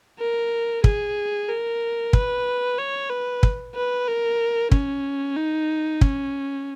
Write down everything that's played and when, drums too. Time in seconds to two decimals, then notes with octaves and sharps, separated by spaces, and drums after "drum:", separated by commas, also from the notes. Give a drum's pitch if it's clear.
0.19 A#4
0.84 G#4, drum: kick
1.50 A#4
2.13 B4, drum: kick
2.78 C#5
3.10 B4
3.43 drum: kick
3.75 B4
4.08 A#4
4.71 C#4, drum: kick
5.37 D#4
6.01 C#4, drum: kick